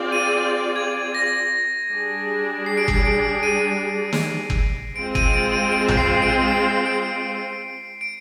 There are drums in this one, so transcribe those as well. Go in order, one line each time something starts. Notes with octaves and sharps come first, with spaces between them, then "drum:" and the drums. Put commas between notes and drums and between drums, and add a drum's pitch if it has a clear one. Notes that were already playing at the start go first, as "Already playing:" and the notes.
Already playing: C4 F4 G#4 D5
D#7
G#6
A#6
G3 D4 G#4
C7
D7
C7, drum: kick
D7
D#7
drum: snare
drum: kick
G#3 C4 F4 C5 D7
D#7, drum: kick
D7
D#7
D7
drum: tom A#1
C7
D7
C7
D7
D7